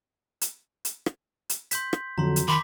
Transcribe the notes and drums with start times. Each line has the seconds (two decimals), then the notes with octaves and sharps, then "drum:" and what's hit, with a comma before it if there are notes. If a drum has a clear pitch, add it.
0.41 drum: hi-hat
0.85 drum: hi-hat
1.06 drum: rim click
1.50 drum: hi-hat
1.71 C6 G6 B6, drum: hi-hat
1.93 drum: rim click
2.18 F2 D3 F#3 A#5 C6
2.36 drum: hi-hat
2.48 D#3 B5 C6 D6 B6